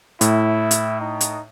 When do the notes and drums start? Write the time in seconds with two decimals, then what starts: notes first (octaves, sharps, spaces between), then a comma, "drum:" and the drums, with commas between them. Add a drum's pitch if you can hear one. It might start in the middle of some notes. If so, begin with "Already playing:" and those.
0.21 A2 E4, drum: hi-hat
0.71 drum: hi-hat
1.00 D#4
1.21 drum: hi-hat